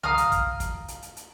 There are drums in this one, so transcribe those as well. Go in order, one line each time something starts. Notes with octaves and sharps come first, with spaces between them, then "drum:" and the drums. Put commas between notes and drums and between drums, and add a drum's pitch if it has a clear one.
F5 A#5 D#6 F6, drum: tom
drum: hi-hat
drum: kick, hi-hat
drum: kick, hi-hat
drum: hi-hat
drum: hi-hat
drum: hi-hat